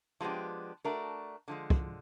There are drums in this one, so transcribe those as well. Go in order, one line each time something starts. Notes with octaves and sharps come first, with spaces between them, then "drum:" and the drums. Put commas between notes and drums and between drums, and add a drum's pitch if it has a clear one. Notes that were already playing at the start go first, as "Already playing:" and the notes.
F3 G#3 B3 D4 G4
A3 D4 F#4 A#4
D3 F3 G#3
drum: kick